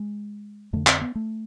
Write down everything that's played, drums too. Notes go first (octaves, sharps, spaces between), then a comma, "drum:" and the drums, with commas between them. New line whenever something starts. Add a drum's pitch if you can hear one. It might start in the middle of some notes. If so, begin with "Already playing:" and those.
Already playing: G#3
F2 D3 A3
C4, drum: clap
B3
A3